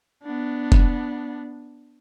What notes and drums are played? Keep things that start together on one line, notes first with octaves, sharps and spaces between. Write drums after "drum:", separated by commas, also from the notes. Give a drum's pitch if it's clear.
B3 D4
drum: kick F1